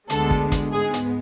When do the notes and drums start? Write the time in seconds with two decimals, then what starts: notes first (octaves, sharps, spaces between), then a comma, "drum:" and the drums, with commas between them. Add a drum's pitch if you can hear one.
0.10 D2 D3 G#3 B3 A4, drum: hi-hat
0.31 drum: kick
0.52 drum: kick, hi-hat
0.72 G#2 G#3 B3 G#4
0.94 drum: hi-hat